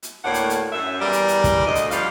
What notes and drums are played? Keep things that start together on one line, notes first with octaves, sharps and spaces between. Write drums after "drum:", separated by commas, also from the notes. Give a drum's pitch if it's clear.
drum: hi-hat
D2 A2 A#3 C#5 D5 F#5
drum: hi-hat
drum: hi-hat
F#2 E5
E2 G3 A#4 D5
drum: hi-hat
drum: hi-hat
drum: kick, hi-hat
D2 D#5
drum: hi-hat
F2 D3 G3 D5 F5, drum: hi-hat